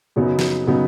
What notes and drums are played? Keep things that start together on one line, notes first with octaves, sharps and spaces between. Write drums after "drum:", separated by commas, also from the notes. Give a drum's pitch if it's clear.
F#2 C#3 F#3 B3 D#4
drum: snare
C#3 F#3 B3 D#4